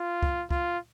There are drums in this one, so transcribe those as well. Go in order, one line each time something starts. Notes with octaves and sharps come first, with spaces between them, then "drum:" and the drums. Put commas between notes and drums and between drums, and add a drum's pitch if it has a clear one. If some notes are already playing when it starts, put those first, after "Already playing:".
Already playing: F4
drum: kick
F4, drum: kick